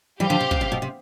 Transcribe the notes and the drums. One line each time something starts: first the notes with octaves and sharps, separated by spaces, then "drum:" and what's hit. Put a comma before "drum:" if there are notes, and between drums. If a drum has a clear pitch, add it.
E3 G3 G4 C5 F5
D3 F3
C3
C3, drum: kick
C3
B2
C3